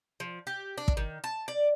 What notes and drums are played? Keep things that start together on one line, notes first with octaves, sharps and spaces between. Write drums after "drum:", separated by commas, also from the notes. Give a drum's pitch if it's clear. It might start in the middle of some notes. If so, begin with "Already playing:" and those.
F3
G4
D4
drum: kick
D#3
A5
D5